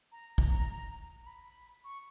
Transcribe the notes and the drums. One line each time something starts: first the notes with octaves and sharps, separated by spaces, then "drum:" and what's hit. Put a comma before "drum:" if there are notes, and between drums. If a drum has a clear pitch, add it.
A#5
drum: kick
A#5
B5
C#6